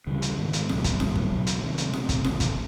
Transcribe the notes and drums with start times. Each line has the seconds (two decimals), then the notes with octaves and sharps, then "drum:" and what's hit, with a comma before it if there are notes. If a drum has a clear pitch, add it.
0.07 D2 C#3 E3 G3
0.22 drum: hi-hat
0.38 G#2 D#3 G#3 B3
0.53 drum: hi-hat
0.69 C#2 B2 F#3 A3, drum: snare F4
0.84 drum: kick, hi-hat
1.00 G2 D#3 G3 A#3, drum: snare F4
1.15 drum: kick
1.31 C#2 B2 F#3 B3
1.47 drum: hi-hat
1.62 C3 D#3 G#3
1.78 drum: hi-hat
1.93 C3 F3 A3 C4, drum: snare F4
2.09 drum: kick, hi-hat
2.24 D2 C#3 E3 A3, drum: snare F4
2.40 drum: kick, hi-hat